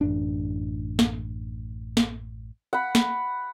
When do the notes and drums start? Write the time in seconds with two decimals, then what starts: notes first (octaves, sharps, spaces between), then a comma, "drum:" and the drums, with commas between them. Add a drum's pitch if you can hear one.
0.01 A1 F#2 D4
0.99 drum: snare
1.97 drum: snare
2.73 F#5 B5
2.95 drum: snare